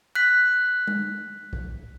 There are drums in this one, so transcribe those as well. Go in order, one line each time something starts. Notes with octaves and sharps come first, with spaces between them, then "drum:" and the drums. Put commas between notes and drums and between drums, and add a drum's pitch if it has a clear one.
F#6 B6
drum: tom G#3
drum: kick